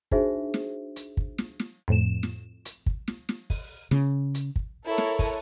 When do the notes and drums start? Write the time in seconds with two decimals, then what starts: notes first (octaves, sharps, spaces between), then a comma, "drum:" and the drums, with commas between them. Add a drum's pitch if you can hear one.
0.11 D4 D#4 F#4 G#4 C5 E5, drum: kick
0.54 drum: snare
0.96 drum: hi-hat
1.17 drum: kick
1.38 drum: snare
1.60 drum: snare
1.88 F2 A2 E7
2.23 drum: snare
2.65 drum: hi-hat
2.86 drum: kick
3.08 drum: snare
3.29 drum: snare
3.50 drum: kick, open hi-hat
3.91 C#3, drum: snare
4.34 drum: hi-hat
4.56 drum: kick
4.85 E4 A4 A#4 C#5
4.98 drum: snare
5.19 drum: kick, open hi-hat